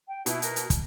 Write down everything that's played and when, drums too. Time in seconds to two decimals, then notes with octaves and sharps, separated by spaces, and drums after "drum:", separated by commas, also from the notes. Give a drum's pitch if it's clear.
0.08 G5
0.26 B2 E4, drum: hi-hat
0.42 A#4, drum: hi-hat
0.56 drum: hi-hat
0.70 drum: kick, hi-hat